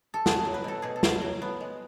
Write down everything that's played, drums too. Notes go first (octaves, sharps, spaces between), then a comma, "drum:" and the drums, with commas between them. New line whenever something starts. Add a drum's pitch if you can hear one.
A4
A3 G#4, drum: snare
F#3
B4
B2 A4
B2 G#4
A4
A3, drum: snare
F#3
B3
G#3